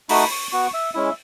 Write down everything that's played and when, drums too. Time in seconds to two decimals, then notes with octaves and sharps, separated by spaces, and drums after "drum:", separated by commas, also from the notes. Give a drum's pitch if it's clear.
0.09 A3 D#4 F#4 B5, drum: open hi-hat
0.31 C#6
0.51 B3 F#4 C#6
0.74 E5
0.94 G#3 C#4 E4 E5